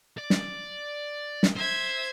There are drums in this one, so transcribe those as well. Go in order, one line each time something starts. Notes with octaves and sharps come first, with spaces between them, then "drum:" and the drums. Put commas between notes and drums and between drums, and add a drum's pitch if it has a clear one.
D5
drum: snare
drum: snare
C5 E5 G#6